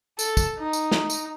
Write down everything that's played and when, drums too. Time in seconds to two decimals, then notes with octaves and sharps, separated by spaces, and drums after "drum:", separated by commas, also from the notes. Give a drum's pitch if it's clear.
0.19 A4, drum: tambourine
0.37 drum: kick, tambourine
0.59 D#4
0.73 drum: tambourine
0.91 drum: snare
1.10 drum: tambourine